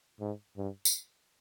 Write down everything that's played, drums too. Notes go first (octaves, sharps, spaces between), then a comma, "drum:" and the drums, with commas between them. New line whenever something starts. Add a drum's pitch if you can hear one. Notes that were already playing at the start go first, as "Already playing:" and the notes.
G#2
G2
drum: tambourine